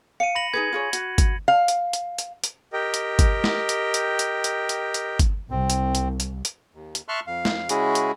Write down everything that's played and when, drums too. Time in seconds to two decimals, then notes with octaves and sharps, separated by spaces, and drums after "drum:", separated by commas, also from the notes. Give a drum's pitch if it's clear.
0.20 F5 C#7 D#7
0.35 B5 A#6 F#7
0.54 D#4 G#4 B4 G#6
0.73 F4 G#4 C#5
0.93 F#4, drum: hi-hat
1.18 drum: kick G1, hi-hat
1.48 F5
1.68 drum: hi-hat
1.93 drum: hi-hat
2.18 drum: hi-hat
2.44 drum: hi-hat
2.73 G4 A#4 D#5 G5
2.94 drum: hi-hat
3.19 drum: kick G1, hi-hat
3.44 drum: snare
3.69 drum: hi-hat
3.94 drum: hi-hat
4.19 drum: hi-hat
4.44 drum: hi-hat
4.69 drum: hi-hat
4.94 drum: hi-hat
5.19 drum: kick G1, hi-hat
5.50 C2 C4
5.70 drum: hi-hat
5.95 drum: hi-hat
6.20 drum: hi-hat
6.45 drum: hi-hat
6.74 D#2
6.95 drum: hi-hat
7.08 E5 A5 C6 C#6 F6 F#6
7.27 F2 F5
7.45 drum: snare
7.69 C#3 G#3 C#4 E4 F#4 G#4, drum: hi-hat
7.95 drum: hi-hat